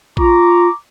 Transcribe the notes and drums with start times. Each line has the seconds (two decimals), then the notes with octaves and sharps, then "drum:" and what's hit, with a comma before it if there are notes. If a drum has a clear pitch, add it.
0.17 F4 A#5 C#6 D6, drum: kick A#1